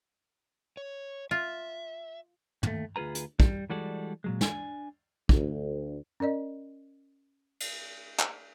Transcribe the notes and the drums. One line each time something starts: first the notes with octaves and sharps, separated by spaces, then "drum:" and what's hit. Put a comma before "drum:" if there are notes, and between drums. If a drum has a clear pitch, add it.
C#5
F4 E5
D#2 A3, drum: tom
D2 F4 G#4 B4 A#5
drum: hi-hat
G3, drum: kick
E3 G3 G#3 F#4 A4 D5
A#2 F#3 G#3
D4 G#5, drum: snare
D2, drum: kick
C#4 A#4 D5 D#5
drum: cymbal
drum: clap